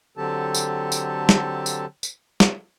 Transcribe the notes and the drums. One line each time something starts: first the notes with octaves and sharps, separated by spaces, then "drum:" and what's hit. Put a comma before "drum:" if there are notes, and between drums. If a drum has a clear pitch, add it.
D3 F#3 C4 G4 A4 A5
drum: tambourine
drum: tambourine
drum: snare
drum: tambourine
drum: tambourine
drum: snare